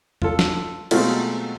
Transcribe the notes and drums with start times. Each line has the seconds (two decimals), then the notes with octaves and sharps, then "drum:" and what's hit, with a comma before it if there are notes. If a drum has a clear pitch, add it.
0.22 F4 A4, drum: tom E2
0.39 drum: snare
0.91 B2 F#3 G#3 A3 C4 F4, drum: cymbal